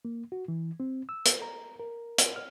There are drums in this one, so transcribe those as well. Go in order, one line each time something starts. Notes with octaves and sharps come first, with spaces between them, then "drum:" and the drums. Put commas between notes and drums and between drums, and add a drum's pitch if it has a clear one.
A#3
F#4
E3
C4
E6
drum: hi-hat
A#5
A#4
drum: hi-hat
F6